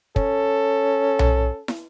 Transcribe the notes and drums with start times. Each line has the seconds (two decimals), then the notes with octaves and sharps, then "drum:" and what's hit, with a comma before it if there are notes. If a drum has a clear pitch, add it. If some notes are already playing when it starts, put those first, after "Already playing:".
0.16 C#4 A4, drum: kick
1.19 drum: tom B1
1.68 drum: snare